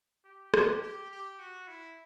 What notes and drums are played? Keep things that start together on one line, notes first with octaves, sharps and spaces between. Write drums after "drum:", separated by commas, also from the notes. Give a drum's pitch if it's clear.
G4
G4, drum: rim click
G4
G4
F#4
E4